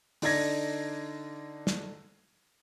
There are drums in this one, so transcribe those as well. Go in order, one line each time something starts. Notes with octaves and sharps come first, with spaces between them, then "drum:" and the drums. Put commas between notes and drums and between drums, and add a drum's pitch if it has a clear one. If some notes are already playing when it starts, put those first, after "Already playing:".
D3 D#4 D5 G#6 A#6, drum: open hi-hat
drum: snare